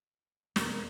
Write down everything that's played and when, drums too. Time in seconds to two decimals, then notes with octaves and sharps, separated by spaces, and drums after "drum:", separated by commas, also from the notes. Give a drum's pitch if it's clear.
0.56 E1 A#3 C#4 A#4, drum: snare